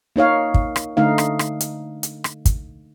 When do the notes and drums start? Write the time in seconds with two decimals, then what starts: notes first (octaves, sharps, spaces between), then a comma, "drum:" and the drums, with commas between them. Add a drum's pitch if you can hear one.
0.16 A#3 D#4 C#5 F5
0.54 drum: kick
0.76 drum: rim click
0.97 D3 A3 D#4 F5
1.18 drum: rim click
1.39 drum: rim click
1.61 drum: hi-hat
2.03 drum: hi-hat
2.24 drum: rim click
2.45 drum: kick, hi-hat